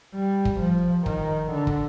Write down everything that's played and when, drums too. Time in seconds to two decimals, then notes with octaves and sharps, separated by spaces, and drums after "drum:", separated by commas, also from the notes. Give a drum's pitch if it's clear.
0.15 G3
0.45 drum: kick
0.60 F3
1.06 D#3, drum: kick
1.52 D3
1.67 drum: kick